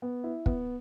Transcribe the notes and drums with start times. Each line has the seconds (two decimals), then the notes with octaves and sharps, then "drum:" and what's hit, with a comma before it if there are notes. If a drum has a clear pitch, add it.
0.02 B3
0.24 E4
0.46 B3, drum: kick